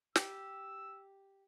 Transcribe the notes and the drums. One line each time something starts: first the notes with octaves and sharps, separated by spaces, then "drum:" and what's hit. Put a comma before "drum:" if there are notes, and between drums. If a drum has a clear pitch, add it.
G4 E6, drum: snare